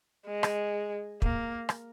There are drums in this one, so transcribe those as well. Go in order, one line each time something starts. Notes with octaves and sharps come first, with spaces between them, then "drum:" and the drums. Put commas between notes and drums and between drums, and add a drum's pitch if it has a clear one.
G#3
drum: rim click
A#3, drum: kick
drum: rim click